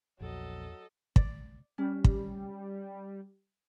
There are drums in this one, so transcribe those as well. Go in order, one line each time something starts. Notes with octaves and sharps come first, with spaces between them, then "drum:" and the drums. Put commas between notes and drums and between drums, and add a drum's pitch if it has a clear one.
A#1 E2 F#3 A4 D#5
D5, drum: kick
G3 C#4
drum: kick